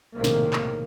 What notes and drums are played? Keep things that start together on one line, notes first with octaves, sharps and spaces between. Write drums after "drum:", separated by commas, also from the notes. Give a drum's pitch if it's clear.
B1 A2 C3 D#3 G#3 A#3
drum: snare
drum: clap